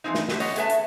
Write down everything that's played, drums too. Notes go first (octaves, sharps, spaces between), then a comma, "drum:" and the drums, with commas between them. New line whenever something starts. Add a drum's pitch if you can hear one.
E3 F3 G#3 C4 D#4
drum: snare
A2 G3 C4 F#4 G4, drum: snare
B3 C#4 C#5 D#5, drum: open hi-hat
A3 B3 G#4 B4 E5 A5, drum: hi-hat
drum: hi-hat